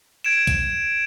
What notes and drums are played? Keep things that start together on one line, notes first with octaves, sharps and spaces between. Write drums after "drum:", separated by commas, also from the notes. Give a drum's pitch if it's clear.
G#6 D7 E7
drum: kick, hi-hat